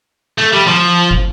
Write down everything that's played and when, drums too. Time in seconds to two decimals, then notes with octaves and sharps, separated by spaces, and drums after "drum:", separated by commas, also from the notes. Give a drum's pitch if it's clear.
0.38 A3
0.53 G3
0.67 F3
1.11 drum: kick